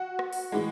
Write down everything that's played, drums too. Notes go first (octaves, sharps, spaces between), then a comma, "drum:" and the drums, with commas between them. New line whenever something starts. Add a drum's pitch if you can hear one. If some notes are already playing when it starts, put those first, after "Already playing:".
Already playing: F#4
drum: rim click
drum: open hi-hat
A2 E3 G#3